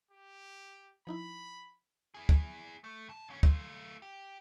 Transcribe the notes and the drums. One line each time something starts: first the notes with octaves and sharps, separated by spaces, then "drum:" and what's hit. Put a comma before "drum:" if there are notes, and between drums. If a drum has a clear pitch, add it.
G4
F3 D#4 E4 B5
E4 G#4
drum: kick
A3
G2 A5
C2 C#4
A3 F4, drum: kick
G4